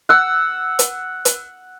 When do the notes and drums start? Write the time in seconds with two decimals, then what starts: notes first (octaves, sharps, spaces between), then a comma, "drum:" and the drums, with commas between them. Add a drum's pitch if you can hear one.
0.09 F#5 E6
0.79 drum: hi-hat
1.25 drum: hi-hat